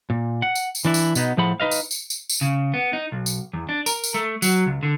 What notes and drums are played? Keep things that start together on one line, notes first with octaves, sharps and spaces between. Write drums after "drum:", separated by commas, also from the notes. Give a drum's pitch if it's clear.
A#2
F#5
drum: tambourine
drum: tambourine
E3 D4 E4
drum: tambourine
B2 B3 D#4, drum: tambourine
A2 F3 G#4 C5 F#5 B5
D#4 B4 D#5 F5
drum: tambourine
drum: tambourine
drum: tambourine
drum: tambourine
C#3
B3
D#4
B1
drum: tambourine
E2
D4
A#4, drum: tambourine
drum: tambourine
A3
F#3, drum: tambourine
C#2
D3